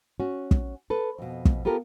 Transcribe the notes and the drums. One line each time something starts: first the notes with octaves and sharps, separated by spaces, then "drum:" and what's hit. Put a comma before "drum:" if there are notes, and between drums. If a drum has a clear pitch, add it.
C#4 F#4
drum: kick
A4 B4
F2 B2
drum: kick
B3 F4 G4 A4 A#4